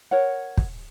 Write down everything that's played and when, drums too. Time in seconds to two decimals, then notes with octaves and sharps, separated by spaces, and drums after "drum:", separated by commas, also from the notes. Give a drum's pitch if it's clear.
0.11 A#4 C#5 F#5
0.57 drum: kick